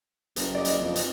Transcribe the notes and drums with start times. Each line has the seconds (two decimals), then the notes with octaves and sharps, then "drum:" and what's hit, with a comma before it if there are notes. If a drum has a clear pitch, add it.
0.36 F#1, drum: hi-hat
0.54 D5 D#5
0.65 drum: hi-hat
0.80 F2
0.96 drum: hi-hat